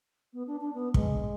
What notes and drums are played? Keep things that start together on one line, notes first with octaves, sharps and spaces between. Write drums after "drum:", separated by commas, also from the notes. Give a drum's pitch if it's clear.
B3
D4
D4
B3
G#3, drum: kick